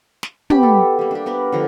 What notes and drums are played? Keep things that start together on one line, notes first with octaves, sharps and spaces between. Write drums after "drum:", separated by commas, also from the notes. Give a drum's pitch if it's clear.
drum: snare
B3 G4 B5, drum: tom
A4
G3 A#3
D4 G4
B3 D4 A#4 B4
D3 F3 A#5